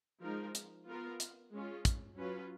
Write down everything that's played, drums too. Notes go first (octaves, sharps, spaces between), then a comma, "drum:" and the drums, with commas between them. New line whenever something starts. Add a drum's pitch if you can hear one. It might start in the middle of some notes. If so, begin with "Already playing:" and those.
F3 G#3 D#4 A#4
drum: hi-hat
B3 F4 A#4
drum: hi-hat
G#3 C#4 F4
drum: kick, hi-hat
F#3 C#4 F4 B4